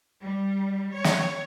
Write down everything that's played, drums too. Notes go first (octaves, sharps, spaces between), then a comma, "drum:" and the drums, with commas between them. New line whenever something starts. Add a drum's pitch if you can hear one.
G3
C#5
drum: snare